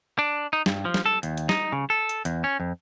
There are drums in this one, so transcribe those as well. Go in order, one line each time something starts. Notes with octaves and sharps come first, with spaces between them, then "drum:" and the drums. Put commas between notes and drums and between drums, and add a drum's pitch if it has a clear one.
D4
D#4
G2, drum: snare
F3
drum: snare
A4
D#2, drum: hi-hat
drum: hi-hat
D#4, drum: snare
C#3
A4
drum: hi-hat
E2, drum: hi-hat
C#4
F2